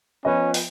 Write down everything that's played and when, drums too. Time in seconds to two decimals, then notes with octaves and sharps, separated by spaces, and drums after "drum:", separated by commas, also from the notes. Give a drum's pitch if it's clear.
0.25 F3 B3 C#4 F4 B4 D#5
0.54 drum: open hi-hat